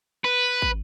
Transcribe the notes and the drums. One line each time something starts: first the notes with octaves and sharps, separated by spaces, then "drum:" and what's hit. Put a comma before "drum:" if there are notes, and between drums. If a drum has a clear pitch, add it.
B4
drum: kick